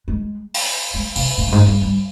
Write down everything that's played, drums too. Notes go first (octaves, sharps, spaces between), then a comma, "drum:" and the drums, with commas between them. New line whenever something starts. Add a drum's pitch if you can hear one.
G#3
drum: open hi-hat
G#3
C3, drum: open hi-hat
A#2
G2
G#2
G2
G2